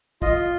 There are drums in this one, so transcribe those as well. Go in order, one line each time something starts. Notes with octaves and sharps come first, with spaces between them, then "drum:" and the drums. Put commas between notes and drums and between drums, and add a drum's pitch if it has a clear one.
F4 D#5, drum: kick